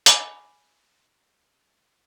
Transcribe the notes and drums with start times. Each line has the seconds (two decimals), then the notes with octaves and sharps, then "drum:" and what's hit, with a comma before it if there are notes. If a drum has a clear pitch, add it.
0.06 G#5 B5 D6, drum: hi-hat